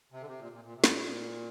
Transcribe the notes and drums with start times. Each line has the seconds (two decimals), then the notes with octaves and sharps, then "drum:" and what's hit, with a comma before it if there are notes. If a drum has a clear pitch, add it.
0.12 C3
0.21 D3
0.26 C3
0.39 A#2
0.52 A#2
0.64 A#2
0.74 C3
0.84 A#2, drum: snare